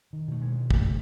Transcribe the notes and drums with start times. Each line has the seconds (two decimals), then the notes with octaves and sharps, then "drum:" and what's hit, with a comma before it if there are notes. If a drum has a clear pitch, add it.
0.13 D#3
0.28 B2 A3
0.42 G#3
0.70 C2 A3, drum: kick